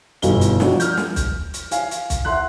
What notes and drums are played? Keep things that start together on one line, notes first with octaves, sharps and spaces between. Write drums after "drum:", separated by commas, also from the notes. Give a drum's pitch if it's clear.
G1 B2 E3 D#4 F4 G7, drum: hi-hat
drum: hi-hat
F3 D4 D#4 F#4, drum: snare
F6 G6, drum: hi-hat
drum: snare
drum: kick, hi-hat
drum: hi-hat
F5 G#5, drum: hi-hat
drum: hi-hat
drum: kick, hi-hat
E5 F#5 C6 F#6